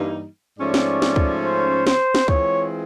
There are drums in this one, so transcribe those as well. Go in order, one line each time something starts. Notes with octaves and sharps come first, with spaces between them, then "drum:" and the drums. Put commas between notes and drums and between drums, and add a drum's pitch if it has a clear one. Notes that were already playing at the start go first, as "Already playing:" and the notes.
Already playing: G2 E3 G3 A#3 D#4
G#2 F3 A3 C#4 D5
drum: snare
drum: snare
drum: kick C#2
C5
C5, drum: snare
drum: snare
E3 G#3 C4 F4 G#4 C#5, drum: kick C#2